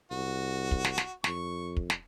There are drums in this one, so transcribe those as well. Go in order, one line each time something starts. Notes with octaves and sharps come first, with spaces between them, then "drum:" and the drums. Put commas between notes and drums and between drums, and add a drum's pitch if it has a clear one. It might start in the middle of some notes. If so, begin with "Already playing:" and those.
C2 F#4
drum: kick
drum: snare
drum: snare
F2 C#6, drum: snare
drum: kick
drum: snare